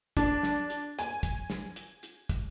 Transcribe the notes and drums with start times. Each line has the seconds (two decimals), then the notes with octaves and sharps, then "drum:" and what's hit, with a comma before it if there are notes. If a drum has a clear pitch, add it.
0.17 D4, drum: kick, hi-hat
0.43 drum: snare
0.70 drum: hi-hat
0.99 G#5, drum: hi-hat
1.23 drum: kick, hi-hat
1.50 drum: snare
1.76 drum: hi-hat
2.03 drum: hi-hat
2.29 drum: kick, hi-hat